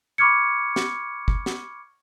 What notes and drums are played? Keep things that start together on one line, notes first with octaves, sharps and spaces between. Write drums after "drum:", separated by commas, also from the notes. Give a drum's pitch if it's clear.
B5 C#6 D6 F6 G#6 C#7
drum: snare
drum: kick
drum: snare